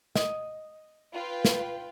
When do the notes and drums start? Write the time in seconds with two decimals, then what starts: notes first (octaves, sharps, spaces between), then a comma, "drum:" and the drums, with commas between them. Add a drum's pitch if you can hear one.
0.15 D#5, drum: snare
1.13 F4 B4 G5
1.45 drum: snare